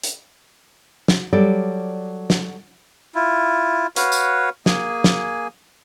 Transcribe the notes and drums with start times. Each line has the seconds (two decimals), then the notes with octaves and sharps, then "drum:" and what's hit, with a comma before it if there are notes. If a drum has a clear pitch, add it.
0.03 drum: hi-hat
1.08 drum: snare
1.33 F#3 G3 A4 D5
2.30 drum: snare
3.15 E4 F4
3.96 F#4 B4 C#5 F5, drum: hi-hat
4.12 drum: tambourine
4.66 A#3 G#4 G#5, drum: snare
5.04 drum: snare